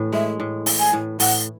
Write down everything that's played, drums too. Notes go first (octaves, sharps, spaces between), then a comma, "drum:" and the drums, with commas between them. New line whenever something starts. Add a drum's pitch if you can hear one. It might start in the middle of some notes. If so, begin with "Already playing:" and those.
Already playing: A2 E3
G#3 E5
A2
E3, drum: open hi-hat
G#5
A2
A2 F#5, drum: open hi-hat